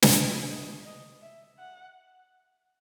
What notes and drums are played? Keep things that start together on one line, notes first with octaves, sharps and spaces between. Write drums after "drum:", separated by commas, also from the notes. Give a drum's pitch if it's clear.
drum: snare
E5
D#5
D#5
E5
F#5